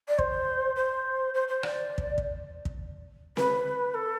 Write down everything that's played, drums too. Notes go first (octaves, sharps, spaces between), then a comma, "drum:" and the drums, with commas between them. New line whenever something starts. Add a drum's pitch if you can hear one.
D5
C5, drum: kick
C5
C5
C5
D5, drum: rim click
drum: kick
drum: kick
drum: kick
B4, drum: snare C4
A4